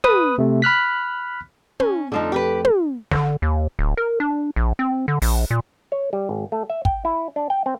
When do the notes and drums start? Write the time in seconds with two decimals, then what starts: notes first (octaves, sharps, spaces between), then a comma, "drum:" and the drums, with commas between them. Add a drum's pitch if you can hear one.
0.04 B4 D#6, drum: tom
0.38 C3 A3
0.62 B5 F6 F#6 B6
1.80 C#4, drum: tom
2.12 F2 D3 F3 A3 D#4 A4
2.32 G4 A#4 B4
2.65 drum: tom
3.11 D3, drum: snare
3.42 D#2
3.79 D1
3.97 A#4
4.20 D4
4.56 A#1
4.79 C4
5.08 D3
5.22 A#1, drum: open hi-hat
5.51 A#2
5.92 C#5
6.13 G3
6.29 G#1
6.52 A3
6.70 E5
6.85 G5, drum: kick
7.05 E4
7.36 D4
7.50 G5
7.66 C4